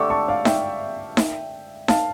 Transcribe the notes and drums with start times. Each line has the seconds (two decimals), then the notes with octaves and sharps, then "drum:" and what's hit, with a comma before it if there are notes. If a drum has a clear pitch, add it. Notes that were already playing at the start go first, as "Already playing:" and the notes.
Already playing: D3 A3 D4 G4 C#6 E6
0.10 A5 C#6
0.28 D5 F5
0.45 E5 G5, drum: snare D#4
1.17 drum: snare D#4
1.88 F5 A5, drum: snare D#4